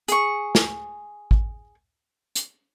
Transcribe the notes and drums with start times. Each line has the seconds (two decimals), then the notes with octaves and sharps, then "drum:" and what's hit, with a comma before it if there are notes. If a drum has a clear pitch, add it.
0.08 G#4 C#6, drum: hi-hat
0.55 drum: snare
1.31 drum: kick G#1
2.35 drum: hi-hat